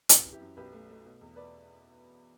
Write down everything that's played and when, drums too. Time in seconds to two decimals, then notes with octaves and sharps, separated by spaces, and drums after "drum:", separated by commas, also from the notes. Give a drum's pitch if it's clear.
0.09 F#2 G4 B4, drum: hi-hat
0.25 E3
0.32 E4 G4
0.41 F#2
0.57 B1 G4 B4
0.72 A3
0.89 A3
1.05 B2
1.21 E2
1.36 B4 D5